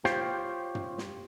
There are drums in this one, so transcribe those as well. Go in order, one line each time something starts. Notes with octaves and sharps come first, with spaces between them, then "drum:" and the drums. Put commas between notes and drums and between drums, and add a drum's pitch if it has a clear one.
F4 G4 C5 C#5 F5 G5, drum: snare
drum: tom
drum: snare